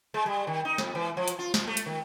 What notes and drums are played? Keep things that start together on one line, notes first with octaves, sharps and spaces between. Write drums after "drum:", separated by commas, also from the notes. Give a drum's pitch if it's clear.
G#3
G3
D#3
D#4
F2, drum: snare
E3
F3
drum: hi-hat
F4
F3, drum: snare
A3
drum: hi-hat
D#3